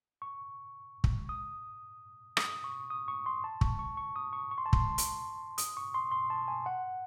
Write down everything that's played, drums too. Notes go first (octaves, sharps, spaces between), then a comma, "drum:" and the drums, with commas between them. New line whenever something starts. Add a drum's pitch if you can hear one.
C#6
drum: kick
D#6
D#6, drum: rim click
C#6
D#6
C#6
C6
A5
C#6, drum: kick
C#6
C#6
D#6
C#6
C#6
C6
A5
C6, drum: kick
drum: hi-hat
D#6, drum: hi-hat
C#6
C6
C6
A5
G#5
F#5